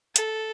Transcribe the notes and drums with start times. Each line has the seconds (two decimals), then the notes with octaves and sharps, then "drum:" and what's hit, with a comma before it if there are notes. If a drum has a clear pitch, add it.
0.16 A4, drum: hi-hat